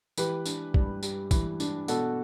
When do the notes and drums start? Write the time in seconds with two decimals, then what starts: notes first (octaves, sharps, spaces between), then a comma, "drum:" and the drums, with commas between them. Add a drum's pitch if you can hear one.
0.18 E3 G4 B4, drum: tambourine
0.46 D4, drum: tambourine
0.74 G2, drum: kick
1.03 G3, drum: tambourine
1.31 E3, drum: kick, tambourine
1.60 D4, drum: tambourine
1.88 B2 F#4 A4, drum: tambourine